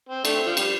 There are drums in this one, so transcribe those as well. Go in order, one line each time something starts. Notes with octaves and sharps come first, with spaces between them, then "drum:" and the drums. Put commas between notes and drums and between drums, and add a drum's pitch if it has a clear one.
C4
A3 D4, drum: cymbal
C4
F3
G3, drum: cymbal